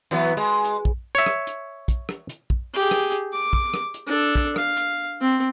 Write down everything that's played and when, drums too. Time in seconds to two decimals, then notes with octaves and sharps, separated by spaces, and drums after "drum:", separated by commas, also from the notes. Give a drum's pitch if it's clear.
0.11 E3 F#3 B3
0.37 G#3
0.65 drum: hi-hat
0.85 drum: kick
1.15 C#5 E5
1.26 drum: rim click
1.47 drum: hi-hat
1.88 drum: kick, hi-hat
2.09 drum: rim click
2.29 drum: hi-hat
2.50 drum: kick
2.74 G4 G#4
2.91 drum: rim click
3.12 drum: hi-hat
3.33 D6
3.53 drum: kick
3.74 drum: rim click
3.94 drum: hi-hat
4.07 D4 A4
4.35 drum: kick, hi-hat
4.56 F5, drum: rim click
4.77 drum: hi-hat
5.21 C4